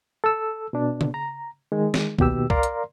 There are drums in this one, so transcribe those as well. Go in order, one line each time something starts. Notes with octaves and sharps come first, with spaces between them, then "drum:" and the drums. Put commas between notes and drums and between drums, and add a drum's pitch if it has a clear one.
A4 E6
B2 D4
drum: tom C#3
A#5
D#3 G#3
drum: snare
D#2 B2 G4 E6, drum: kick
A#4 D5 F5 A#5 C6, drum: kick
drum: hi-hat